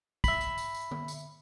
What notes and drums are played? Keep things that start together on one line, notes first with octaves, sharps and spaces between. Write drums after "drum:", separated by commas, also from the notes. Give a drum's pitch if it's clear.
E5 B5, drum: kick, tambourine
drum: tambourine
drum: tambourine
drum: tambourine
drum: tom D3
drum: tambourine